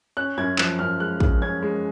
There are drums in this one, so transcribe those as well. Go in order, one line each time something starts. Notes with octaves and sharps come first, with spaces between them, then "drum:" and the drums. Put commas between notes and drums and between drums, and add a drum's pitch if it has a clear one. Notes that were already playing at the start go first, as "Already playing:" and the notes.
C#4 F#6
F#2 G#6
F3 F#6, drum: clap
F#2 F6
G#3 F#6
G#3, drum: kick
C#4 G#6
G#3